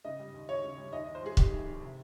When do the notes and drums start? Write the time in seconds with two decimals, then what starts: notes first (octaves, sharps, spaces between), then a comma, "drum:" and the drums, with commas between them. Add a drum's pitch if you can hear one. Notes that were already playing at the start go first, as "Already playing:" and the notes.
0.05 C#3 D#5
0.19 G3
0.34 D#2
0.49 D#2 C#5
0.64 C#3
0.78 G3
0.93 D#2 D#5
1.04 D#5
1.08 D#3
1.15 C5
1.23 G3 G#4
1.37 F1 G4, drum: kick C#1
1.52 D#2
1.67 D#3
1.81 C3